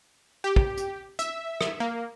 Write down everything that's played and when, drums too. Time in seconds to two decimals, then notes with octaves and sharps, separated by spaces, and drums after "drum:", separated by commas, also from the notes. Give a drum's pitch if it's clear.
0.44 G4
0.56 drum: kick
0.77 drum: hi-hat
1.19 E5, drum: hi-hat
1.61 drum: rim click
1.80 A#3